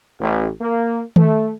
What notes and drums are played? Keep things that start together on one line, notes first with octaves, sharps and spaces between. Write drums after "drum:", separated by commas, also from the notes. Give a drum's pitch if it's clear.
A1
A#3
A3, drum: tom D#3